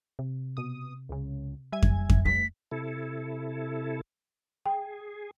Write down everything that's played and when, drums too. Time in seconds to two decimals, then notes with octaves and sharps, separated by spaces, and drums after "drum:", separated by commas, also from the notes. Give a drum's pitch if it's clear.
0.19 C3
0.57 B2 D#6
1.09 C#2 C#3
1.72 G3 E5 G#5 G#6
1.82 drum: kick F2
2.10 drum: kick F2
2.25 G2 A3 B6
2.71 C3 E4 A4
4.66 G#4 G5